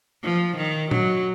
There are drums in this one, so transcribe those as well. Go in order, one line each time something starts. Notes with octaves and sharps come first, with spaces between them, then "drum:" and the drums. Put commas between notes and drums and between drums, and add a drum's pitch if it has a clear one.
F3
D#3
F#3, drum: tom A#2